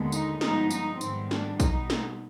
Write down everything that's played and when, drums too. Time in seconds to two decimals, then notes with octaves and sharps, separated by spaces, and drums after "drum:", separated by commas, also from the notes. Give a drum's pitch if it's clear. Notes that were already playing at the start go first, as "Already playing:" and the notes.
Already playing: D#2 D3 G#3 B3
0.12 D#4, drum: tambourine
0.41 G2 F3 G#3 B3 D#4, drum: snare
0.71 D#4, drum: tambourine
1.01 G#2 D#3 G3 B3 C4, drum: tambourine
1.31 D4, drum: snare
1.60 B2 G3 B3 D#4, drum: kick A#1, tambourine
1.90 drum: snare